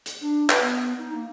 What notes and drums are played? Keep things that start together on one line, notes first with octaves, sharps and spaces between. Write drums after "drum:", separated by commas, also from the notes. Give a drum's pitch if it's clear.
drum: hi-hat
D4
B4, drum: clap
B3
D#4
A#3